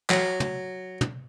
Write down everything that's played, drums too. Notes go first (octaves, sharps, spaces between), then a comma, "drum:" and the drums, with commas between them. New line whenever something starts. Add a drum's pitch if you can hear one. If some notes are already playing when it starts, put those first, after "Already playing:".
F#3, drum: clap
drum: tom
drum: tom